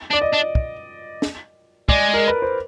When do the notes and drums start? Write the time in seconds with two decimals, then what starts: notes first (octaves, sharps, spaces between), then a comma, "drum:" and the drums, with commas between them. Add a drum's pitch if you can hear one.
0.10 D4 D5
0.21 D#5
0.33 D4
0.55 drum: kick
1.22 drum: snare
1.89 G#3 D5, drum: kick
2.14 A#4
2.28 B4
2.42 C5